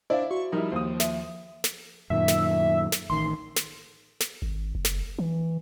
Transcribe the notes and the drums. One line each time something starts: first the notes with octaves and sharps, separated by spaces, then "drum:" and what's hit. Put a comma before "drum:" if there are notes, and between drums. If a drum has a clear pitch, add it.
D4 E4 C5 D5 E5 F5
F#4 C#6
F3 G3 D#4 E4 A#4
D#2 C5 D#6
E5, drum: snare
drum: snare
F#2 A#2 D#3 E5
drum: snare
drum: snare
A1 D#3 C6
drum: snare
drum: snare
G#1
F#1
drum: snare
E3